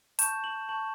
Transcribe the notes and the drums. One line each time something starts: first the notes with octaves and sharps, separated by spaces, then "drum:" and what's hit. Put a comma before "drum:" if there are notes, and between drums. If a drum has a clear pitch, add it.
A5 C#6 G6 E7, drum: hi-hat
F#7
A5 C#6 G6 F#7